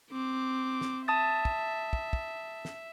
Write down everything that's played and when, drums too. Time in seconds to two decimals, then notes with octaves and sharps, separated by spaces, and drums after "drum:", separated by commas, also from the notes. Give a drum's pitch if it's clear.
0.12 C4 D6
0.81 drum: snare
1.08 E5 A5 D#6 A6
1.45 drum: kick
1.93 drum: kick
2.13 drum: kick
2.65 drum: snare